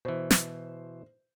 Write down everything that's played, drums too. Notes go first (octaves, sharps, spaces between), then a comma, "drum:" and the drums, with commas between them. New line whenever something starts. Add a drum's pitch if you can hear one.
B2 E3 C5
drum: snare